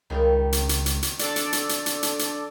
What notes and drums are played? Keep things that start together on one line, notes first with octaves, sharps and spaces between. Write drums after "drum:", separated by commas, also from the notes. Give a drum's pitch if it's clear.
C#2 D#3 G3 D#4
drum: hi-hat
drum: hi-hat
drum: hi-hat
drum: hi-hat
D4 A4 D5, drum: hi-hat
drum: hi-hat
drum: hi-hat
drum: hi-hat
drum: hi-hat
drum: hi-hat
drum: hi-hat